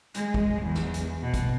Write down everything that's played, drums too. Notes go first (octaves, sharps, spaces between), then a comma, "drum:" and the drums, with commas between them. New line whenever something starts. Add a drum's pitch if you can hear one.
G#3, drum: hi-hat
drum: kick
E2
drum: snare
drum: hi-hat
B2
drum: kick, hi-hat